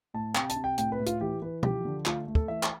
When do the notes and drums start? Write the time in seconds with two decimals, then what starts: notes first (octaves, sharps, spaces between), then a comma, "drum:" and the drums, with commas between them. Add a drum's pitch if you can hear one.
0.14 A2 A5
0.35 C3 G5, drum: clap
0.49 A5, drum: hi-hat
0.56 C3
0.64 G5
0.78 A2 G5, drum: hi-hat
0.92 B4
0.99 A2
1.06 F4, drum: hi-hat
1.20 E3 G4
1.42 E3 B4
1.63 F3 G4, drum: tom B2
1.85 D3
2.06 A3 F4, drum: clap
2.27 A3
2.35 A4, drum: kick
2.48 E3 E5
2.63 drum: clap